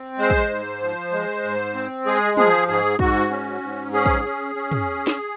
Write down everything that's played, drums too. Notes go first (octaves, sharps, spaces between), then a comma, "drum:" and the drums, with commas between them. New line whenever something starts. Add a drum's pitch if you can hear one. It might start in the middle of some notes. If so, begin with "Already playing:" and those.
Already playing: C4
G#3 C5
drum: kick
G#2
F3
G#3
G#2
C4
G#3 G#4
drum: hi-hat
F3 G#4, drum: tom
G#2 G#4
G#2 F#4, drum: kick
C#4
G#2
C#4 G#4
drum: kick
C#4
C#4
drum: tom
drum: snare